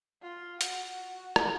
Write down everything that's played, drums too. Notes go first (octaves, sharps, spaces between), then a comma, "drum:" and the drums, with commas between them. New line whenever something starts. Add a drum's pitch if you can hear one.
F4
F#4, drum: hi-hat
drum: rim click